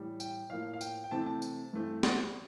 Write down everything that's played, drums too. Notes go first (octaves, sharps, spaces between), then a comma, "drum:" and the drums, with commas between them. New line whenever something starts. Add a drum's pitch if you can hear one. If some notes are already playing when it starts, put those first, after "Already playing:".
Already playing: A2 E3 G3
G5, drum: tambourine
A2 F3 A#3 F5
F5
G5, drum: tambourine
G5
C3 E3 A3 C4 A5
A5
drum: tambourine
G2 E3 A3 C4
C6, drum: snare